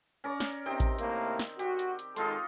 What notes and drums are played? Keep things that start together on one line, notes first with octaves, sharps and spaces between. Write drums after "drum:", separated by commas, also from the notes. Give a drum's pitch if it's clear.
C#4 A#4 D5
drum: snare
C3 D#3 C4 G5
drum: kick A1, hi-hat
A2 C3 A#3, drum: hi-hat
drum: snare
F#4 G4, drum: hi-hat
drum: hi-hat
drum: hi-hat
D#3 G#3 D#4 F4 A4 C6, drum: hi-hat